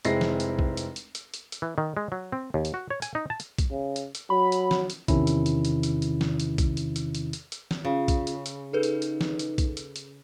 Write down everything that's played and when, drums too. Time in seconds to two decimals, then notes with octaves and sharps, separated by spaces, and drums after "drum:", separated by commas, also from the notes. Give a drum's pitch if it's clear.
0.05 F1 G#3 C4 E4 A#6 C7, drum: hi-hat
0.21 drum: snare
0.40 drum: hi-hat
0.59 drum: kick A#1
0.77 drum: hi-hat
0.96 drum: hi-hat
1.15 drum: hi-hat
1.34 drum: hi-hat
1.52 drum: hi-hat
1.62 E3
1.78 D#3
1.97 G#3
2.12 F#3
2.32 C4
2.54 D#2
2.65 drum: hi-hat
2.74 F#4
2.90 C#5
3.02 G#5, drum: hi-hat
3.15 D#4
3.30 A5
3.40 drum: hi-hat
3.58 drum: kick A#1, hi-hat
3.71 C#3
3.96 drum: hi-hat
4.15 drum: hi-hat
4.30 F#3 B5
4.52 drum: hi-hat
4.71 drum: snare
4.90 drum: hi-hat
5.08 E2 C3 D#3 C#4 E4, drum: kick A#1, hi-hat
5.27 drum: hi-hat
5.46 drum: hi-hat
5.65 drum: hi-hat
5.83 drum: hi-hat
6.02 drum: hi-hat
6.21 drum: snare
6.40 drum: hi-hat
6.58 drum: kick A#1, hi-hat
6.77 drum: hi-hat
6.96 drum: hi-hat
7.15 drum: hi-hat
7.33 drum: hi-hat
7.52 drum: hi-hat
7.71 drum: snare
7.85 C#3 F4
8.08 drum: kick A#1, hi-hat
8.27 drum: hi-hat
8.46 drum: hi-hat
8.73 D#4 G#4 A4 B4
8.83 drum: hi-hat
9.02 drum: hi-hat
9.21 drum: snare
9.39 drum: hi-hat
9.58 drum: kick A#1, hi-hat
9.77 drum: hi-hat
9.96 drum: hi-hat